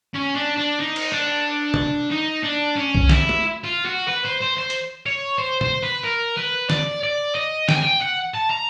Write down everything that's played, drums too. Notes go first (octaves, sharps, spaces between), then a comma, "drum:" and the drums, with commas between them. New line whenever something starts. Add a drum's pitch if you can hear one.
C#4
D4
D4
D#4
drum: cymbal
D4
drum: tom
D#4
D4
C#4
drum: kick
E4, drum: snare
drum: tom
F4
F#4
B4
C5
C5
C5
drum: hi-hat
C#5
C5
C5, drum: tom
B4
A#4
B4
D5, drum: snare
D5
D#5
G5, drum: snare
G#5
G5
F#5
A5
A#5